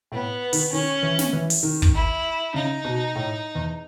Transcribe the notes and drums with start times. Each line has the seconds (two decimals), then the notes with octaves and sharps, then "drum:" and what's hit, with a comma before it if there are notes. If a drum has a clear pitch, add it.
0.12 A2 B3
0.53 D#3, drum: open hi-hat
0.72 D#3 C#4
1.03 E3
1.19 drum: snare
1.33 E3
1.50 drum: open hi-hat
1.63 D#3
1.82 drum: kick
1.94 E4
2.54 C#3 D#4
2.85 B2
3.16 A2
3.55 E2